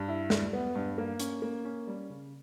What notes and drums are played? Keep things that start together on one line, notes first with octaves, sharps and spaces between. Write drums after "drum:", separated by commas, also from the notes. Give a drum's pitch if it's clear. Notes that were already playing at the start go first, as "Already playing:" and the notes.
Already playing: G2
E4
G3, drum: snare
B3
G2
A#3
C#4, drum: hi-hat
A#3
C#4
G3
C#3